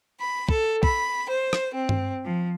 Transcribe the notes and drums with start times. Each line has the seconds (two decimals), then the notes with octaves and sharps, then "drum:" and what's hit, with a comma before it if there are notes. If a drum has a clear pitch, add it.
0.19 B5
0.49 A4, drum: kick
0.83 B5, drum: kick
1.29 C5
1.53 drum: rim click
1.73 C4
1.89 drum: tom G2
2.24 F3